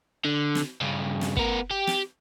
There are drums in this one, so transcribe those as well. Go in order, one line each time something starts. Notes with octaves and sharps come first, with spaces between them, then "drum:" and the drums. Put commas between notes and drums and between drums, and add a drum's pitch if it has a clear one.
D3
drum: snare
G2 C#3
drum: snare
B3 A#4, drum: kick
G4
drum: snare